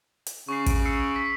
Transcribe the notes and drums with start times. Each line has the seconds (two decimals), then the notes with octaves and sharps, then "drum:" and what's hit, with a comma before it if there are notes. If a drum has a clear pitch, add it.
0.27 drum: hi-hat
0.49 C#3 C#6 C7
0.66 D7, drum: kick, hi-hat
0.85 E6 C7 C#7
1.16 B6